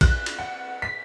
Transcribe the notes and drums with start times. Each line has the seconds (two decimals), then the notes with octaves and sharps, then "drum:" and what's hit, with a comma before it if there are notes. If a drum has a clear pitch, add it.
0.01 F#6, drum: kick, cymbal
0.26 drum: cymbal
0.39 F#5
0.82 B6